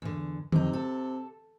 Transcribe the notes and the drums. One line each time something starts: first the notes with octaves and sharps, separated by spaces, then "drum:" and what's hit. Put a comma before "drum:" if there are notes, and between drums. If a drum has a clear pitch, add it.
E2 D3
F2 C3 D#4, drum: tom D3
A4